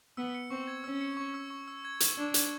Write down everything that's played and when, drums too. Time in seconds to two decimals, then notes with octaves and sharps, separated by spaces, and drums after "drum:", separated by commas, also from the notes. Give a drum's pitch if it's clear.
0.17 B3 E6
0.34 C#7
0.50 C4 C#6
0.67 G#6
0.84 C#4 E6
1.01 C#7
1.17 C#6
1.34 E6
1.50 C#6
1.68 E6
1.85 G#6
2.00 C#6, drum: hi-hat
2.17 D4 G#6
2.34 G#6, drum: hi-hat